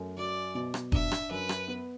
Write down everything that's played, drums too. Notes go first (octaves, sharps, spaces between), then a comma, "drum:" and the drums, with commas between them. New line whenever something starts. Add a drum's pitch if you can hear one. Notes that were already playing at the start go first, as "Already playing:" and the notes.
Already playing: F#2 A3
F#3 D5
B2
drum: rim click
D4 E5, drum: kick
drum: rim click
F#2 B4
drum: rim click
B3